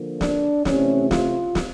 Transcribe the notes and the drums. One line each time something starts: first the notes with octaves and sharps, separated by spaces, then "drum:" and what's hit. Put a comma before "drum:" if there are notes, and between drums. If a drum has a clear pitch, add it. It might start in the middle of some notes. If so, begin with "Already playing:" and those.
Already playing: D3 F3 A#3
D4, drum: snare
C3 E3 A3 C4 C#4, drum: snare
F4, drum: snare
drum: snare